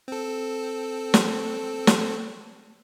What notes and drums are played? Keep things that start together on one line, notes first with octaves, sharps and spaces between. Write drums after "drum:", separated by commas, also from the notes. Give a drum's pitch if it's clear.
C4 A4
drum: snare
drum: snare